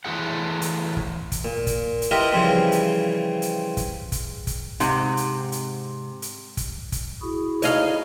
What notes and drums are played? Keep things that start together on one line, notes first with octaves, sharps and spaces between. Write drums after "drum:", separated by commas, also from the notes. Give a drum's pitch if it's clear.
E3 A3 F4 G#4 F#5
drum: hi-hat
drum: kick
drum: kick, hi-hat
A#2
drum: kick, hi-hat
drum: hi-hat
E4 F4 G4 A#4 B4 D#5
C#3 E3 F3 G3 C4
drum: hi-hat
drum: hi-hat
drum: kick, hi-hat
drum: kick, hi-hat
drum: kick, hi-hat
G#2 C3, drum: hi-hat
drum: hi-hat
drum: hi-hat
drum: hi-hat
drum: kick, hi-hat
drum: kick, hi-hat
E4 F#4 G#4
D#4 C#5 D#5 F5, drum: hi-hat